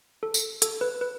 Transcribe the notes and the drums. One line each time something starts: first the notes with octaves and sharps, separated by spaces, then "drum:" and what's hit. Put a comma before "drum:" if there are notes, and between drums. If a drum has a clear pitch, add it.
A4
drum: tambourine
A4, drum: hi-hat
B4
B4